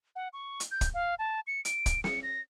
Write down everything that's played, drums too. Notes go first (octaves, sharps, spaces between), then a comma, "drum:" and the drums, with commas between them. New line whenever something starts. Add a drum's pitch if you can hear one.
F#5
C#6
drum: hi-hat
G6
drum: kick, hi-hat
F5
A5
C#7
D7, drum: hi-hat
drum: kick, hi-hat
C#7, drum: snare
A#6